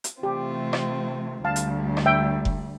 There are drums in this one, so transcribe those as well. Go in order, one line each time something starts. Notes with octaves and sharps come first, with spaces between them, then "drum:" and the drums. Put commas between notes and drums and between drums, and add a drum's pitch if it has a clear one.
drum: hi-hat
C3 E3 A3 C4 F4 G4
drum: rim click
D2 D3 G3 F5 A5
drum: hi-hat
drum: rim click
E5 G5
drum: kick F1